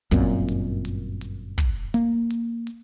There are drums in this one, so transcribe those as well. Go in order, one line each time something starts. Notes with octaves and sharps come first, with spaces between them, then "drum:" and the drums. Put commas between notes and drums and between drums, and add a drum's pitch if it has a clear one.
G1 F#2 A#2 C4, drum: kick, hi-hat
drum: hi-hat
drum: hi-hat
drum: hi-hat
drum: kick, hi-hat
A#3, drum: hi-hat
drum: hi-hat
drum: hi-hat